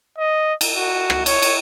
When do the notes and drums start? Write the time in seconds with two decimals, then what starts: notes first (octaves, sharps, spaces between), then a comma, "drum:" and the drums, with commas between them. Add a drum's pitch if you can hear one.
0.18 D#5
0.61 drum: cymbal
0.75 F#4
1.10 drum: rim click
1.26 C#5, drum: cymbal
1.42 drum: cymbal